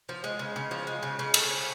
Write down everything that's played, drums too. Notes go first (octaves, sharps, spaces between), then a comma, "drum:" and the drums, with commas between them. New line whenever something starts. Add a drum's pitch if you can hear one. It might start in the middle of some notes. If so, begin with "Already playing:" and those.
F3
G#3
C#3
C#3
F3
G#3
C#3
C#3
A3, drum: cymbal
C#4